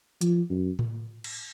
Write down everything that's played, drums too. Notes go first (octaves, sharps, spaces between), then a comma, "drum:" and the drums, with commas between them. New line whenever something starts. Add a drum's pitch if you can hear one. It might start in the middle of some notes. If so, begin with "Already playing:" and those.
F3, drum: hi-hat
F#2
drum: tom A2
drum: cymbal